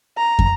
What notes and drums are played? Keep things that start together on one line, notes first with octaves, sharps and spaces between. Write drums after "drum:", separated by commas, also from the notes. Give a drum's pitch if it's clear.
A#5
drum: kick